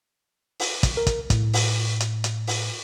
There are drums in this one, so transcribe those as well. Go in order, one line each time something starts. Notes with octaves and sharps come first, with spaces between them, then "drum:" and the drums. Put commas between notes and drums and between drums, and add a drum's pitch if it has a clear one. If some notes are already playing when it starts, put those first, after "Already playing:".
drum: open hi-hat
drum: kick, hi-hat
A#4
drum: kick, hi-hat
A2, drum: kick, hi-hat
drum: open hi-hat
drum: hi-hat
drum: hi-hat
drum: open hi-hat